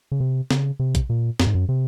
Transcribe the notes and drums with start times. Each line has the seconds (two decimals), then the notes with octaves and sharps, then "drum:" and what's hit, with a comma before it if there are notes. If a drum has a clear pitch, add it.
0.12 C#3
0.20 C3
0.51 C#3, drum: snare
0.79 C3
0.95 drum: kick A#1, hi-hat
1.09 A#2
1.40 F#2, drum: snare
1.47 G#2
1.55 F#2
1.69 C3